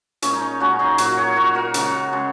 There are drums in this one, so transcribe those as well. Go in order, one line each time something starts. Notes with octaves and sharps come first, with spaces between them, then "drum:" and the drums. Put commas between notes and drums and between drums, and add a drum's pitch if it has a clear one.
A#2 G#3 C#4, drum: hi-hat
D#4
C#4
A#2 G#3 C#4 F#4
D#4 G#4
A#2 F#3 F#4 A#4, drum: hi-hat
G#4 C#5
A#2 F#3 F#4 A#4
F#4 A#4
C#3 G#3, drum: hi-hat
C#3 G#3